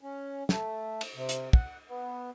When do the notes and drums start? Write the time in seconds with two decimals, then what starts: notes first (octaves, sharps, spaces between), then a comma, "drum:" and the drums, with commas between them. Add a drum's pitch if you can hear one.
0.01 C#4
0.49 A3, drum: snare
1.01 drum: cymbal
1.15 C3
1.29 drum: hi-hat
1.53 F#5, drum: kick
1.89 B3